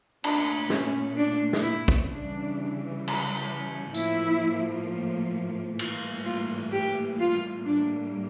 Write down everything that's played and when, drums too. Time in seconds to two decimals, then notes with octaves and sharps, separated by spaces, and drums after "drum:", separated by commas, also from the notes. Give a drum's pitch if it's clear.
0.24 A#2 A3 D4, drum: cymbal
0.70 C#4, drum: snare
1.17 D4
1.53 drum: snare
1.62 E4
1.88 drum: kick
2.09 C#3 E3 G3 D4
3.08 drum: cymbal
3.95 A2 F3 A#3 E4, drum: tambourine
5.79 A2 E3 G3 A#3 F4, drum: cymbal
6.25 F4
6.72 G4
7.19 F4
7.65 A2 G3 A#3 D4